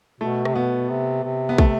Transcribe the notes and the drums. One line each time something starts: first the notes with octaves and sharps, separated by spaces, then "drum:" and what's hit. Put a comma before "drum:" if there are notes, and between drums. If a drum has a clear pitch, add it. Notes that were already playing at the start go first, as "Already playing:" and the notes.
B2 A3
C3, drum: rim click
B2 B3
C3
C3
B3
A3, drum: kick